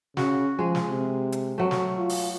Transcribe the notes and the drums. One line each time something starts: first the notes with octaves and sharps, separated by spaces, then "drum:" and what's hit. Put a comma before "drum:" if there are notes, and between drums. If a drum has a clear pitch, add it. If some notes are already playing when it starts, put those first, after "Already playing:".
C#3 F#4, drum: snare
F3 G#3 G#4
drum: snare
C3
drum: hi-hat
F#3 A3
drum: snare
F4
drum: open hi-hat